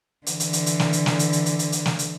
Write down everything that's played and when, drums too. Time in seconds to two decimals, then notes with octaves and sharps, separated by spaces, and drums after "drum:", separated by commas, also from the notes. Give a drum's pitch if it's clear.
0.26 D3 E3, drum: hi-hat
0.40 drum: hi-hat
0.53 drum: hi-hat
0.66 drum: hi-hat
0.79 drum: snare
0.93 drum: hi-hat
1.06 drum: snare
1.19 drum: hi-hat
1.32 drum: hi-hat
1.46 drum: hi-hat
1.59 drum: hi-hat
1.72 drum: hi-hat
1.86 drum: snare
1.99 drum: hi-hat